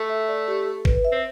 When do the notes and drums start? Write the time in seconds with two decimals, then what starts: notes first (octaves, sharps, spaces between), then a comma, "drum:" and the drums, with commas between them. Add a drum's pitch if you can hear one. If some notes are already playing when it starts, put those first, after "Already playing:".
Already playing: A3
0.10 E5
0.28 D5
0.48 G4
0.66 A4
0.85 B4, drum: kick G#1
1.05 E5
1.12 C4